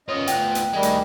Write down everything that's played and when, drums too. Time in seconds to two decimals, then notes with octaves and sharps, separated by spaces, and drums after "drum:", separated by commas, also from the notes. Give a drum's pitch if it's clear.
0.08 F#2 B3 F4 C#5 D#5
0.27 D2 G5 F#6, drum: hi-hat
0.55 drum: hi-hat
0.73 D2 D#3 G3 G#3 D#4
0.83 drum: hi-hat